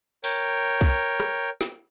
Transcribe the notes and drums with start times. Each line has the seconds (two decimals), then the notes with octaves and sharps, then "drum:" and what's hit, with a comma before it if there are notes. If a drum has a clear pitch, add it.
0.24 A#4 C#5 G5, drum: open hi-hat
0.81 drum: kick
1.20 drum: rim click
1.61 drum: snare